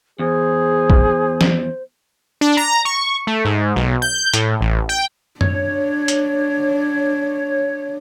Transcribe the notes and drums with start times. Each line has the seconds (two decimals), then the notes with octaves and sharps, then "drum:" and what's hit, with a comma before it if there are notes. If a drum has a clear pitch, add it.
0.19 E2 G#4 C5
0.90 drum: kick
1.41 drum: snare
2.41 D4
2.57 A#5
2.85 C#6
3.27 A3
3.45 G#2
3.76 B1
4.02 G6
4.33 A2, drum: hi-hat
4.61 A1
4.89 G5
5.41 D4 C#5, drum: tom F#2
6.08 drum: hi-hat